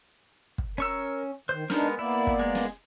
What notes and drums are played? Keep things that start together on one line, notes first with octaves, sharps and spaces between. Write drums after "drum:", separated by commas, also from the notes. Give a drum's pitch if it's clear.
drum: kick
C#4 A#4 C#6 E6
D#3 C5
G#3 B3 D4 D#4 A#4, drum: snare
A#3 B3 E4 D5
drum: kick
G#3
drum: snare